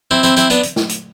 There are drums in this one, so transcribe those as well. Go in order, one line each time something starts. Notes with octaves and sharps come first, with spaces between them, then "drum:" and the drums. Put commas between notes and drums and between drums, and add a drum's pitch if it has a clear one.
C4 E4
C4 E4, drum: hi-hat
C4 E4, drum: hi-hat
B3 D4, drum: hi-hat
drum: hi-hat
drum: snare
drum: hi-hat